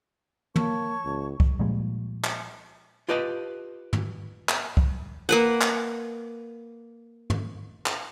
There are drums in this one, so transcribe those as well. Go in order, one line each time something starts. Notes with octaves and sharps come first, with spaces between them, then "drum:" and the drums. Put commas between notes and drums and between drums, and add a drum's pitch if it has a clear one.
A#3 C#5 A5 C#6, drum: tom
C#2
drum: kick C2
A#2 F3 G3 G#3
drum: clap
F4 G4 B4 D#5 A5
drum: tom
drum: clap
drum: kick C2
A#3 B4 F#5
drum: clap
drum: tom
drum: clap